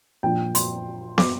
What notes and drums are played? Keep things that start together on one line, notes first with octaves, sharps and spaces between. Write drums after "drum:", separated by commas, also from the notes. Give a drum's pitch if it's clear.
A#2 F3 D4 G5
C6, drum: hi-hat
D6, drum: snare